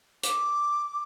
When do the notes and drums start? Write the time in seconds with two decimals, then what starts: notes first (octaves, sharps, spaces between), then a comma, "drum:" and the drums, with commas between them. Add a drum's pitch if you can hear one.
0.23 D6, drum: hi-hat